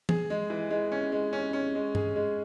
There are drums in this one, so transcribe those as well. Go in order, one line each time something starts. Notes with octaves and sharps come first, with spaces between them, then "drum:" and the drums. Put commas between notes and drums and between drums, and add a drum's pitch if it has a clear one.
G#4, drum: tom E3
G#3
E3
G#3
C#4
G#3
C#4
C#4
G#3
G#4, drum: tom G2
G#3